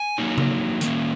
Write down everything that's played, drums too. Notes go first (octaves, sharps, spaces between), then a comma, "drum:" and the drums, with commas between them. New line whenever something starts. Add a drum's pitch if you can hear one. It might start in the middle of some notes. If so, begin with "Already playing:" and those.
Already playing: G#5
F#3 A#3 D#4
drum: tom C#3
D#3 A#3 C#4, drum: hi-hat